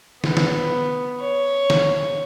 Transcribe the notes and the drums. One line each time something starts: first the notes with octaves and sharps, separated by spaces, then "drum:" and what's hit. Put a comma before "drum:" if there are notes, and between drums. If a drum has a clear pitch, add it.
B3, drum: snare
drum: snare
C#5
drum: snare